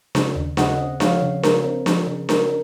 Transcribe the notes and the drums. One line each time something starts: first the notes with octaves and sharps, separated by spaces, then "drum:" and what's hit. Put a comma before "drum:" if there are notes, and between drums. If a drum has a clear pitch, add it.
C#3, drum: snare D4
D#2
C#3 D#5 F#5, drum: snare D4
C4
F3 C#5 F5, drum: snare D4
C#3
C#3 A#4, drum: snare D4
C4
F3, drum: snare D4
C#3
C#3 A#4, drum: snare D4